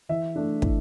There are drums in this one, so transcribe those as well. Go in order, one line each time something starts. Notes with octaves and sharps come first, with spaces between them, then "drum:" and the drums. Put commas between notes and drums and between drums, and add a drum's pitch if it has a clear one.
E3 E5
A3 D4
E3, drum: kick